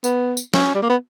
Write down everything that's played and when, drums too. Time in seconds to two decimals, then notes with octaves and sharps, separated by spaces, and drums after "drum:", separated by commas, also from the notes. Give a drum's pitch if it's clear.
0.04 B3, drum: tambourine
0.37 drum: tambourine
0.54 C#4, drum: snare
0.75 G3
0.82 A#3
0.89 B3